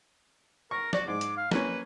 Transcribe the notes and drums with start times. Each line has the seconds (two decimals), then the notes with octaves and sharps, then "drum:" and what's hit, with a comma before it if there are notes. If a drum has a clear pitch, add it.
0.71 A#4 C#6
0.93 F#4 D5, drum: snare
1.08 G#2 D6
1.21 drum: hi-hat
1.37 F5
1.51 A#3 C#4 B4, drum: snare